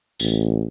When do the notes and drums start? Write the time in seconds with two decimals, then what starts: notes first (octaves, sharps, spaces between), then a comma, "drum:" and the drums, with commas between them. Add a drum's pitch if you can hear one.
0.20 A1, drum: tambourine